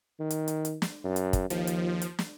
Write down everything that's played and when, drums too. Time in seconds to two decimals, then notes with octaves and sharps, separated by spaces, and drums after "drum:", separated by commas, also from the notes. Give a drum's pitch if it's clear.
0.20 D#3
0.31 drum: hi-hat
0.48 drum: hi-hat
0.65 drum: hi-hat
0.82 drum: snare
1.04 F#2
1.16 drum: hi-hat
1.33 drum: kick, hi-hat
1.50 D#2 F3, drum: hi-hat
1.67 drum: hi-hat
2.02 drum: hi-hat
2.19 drum: snare